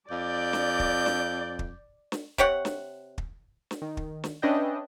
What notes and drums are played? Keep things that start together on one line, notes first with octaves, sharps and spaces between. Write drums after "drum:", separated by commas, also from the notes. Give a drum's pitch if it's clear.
F2 D5 G6
drum: snare
drum: kick
drum: snare
drum: kick
drum: snare
C3 G4 C#5 F#5, drum: kick
drum: snare
drum: kick
drum: snare
D#3
drum: kick
drum: snare
C#4 D4 B4 D#5 E5 G5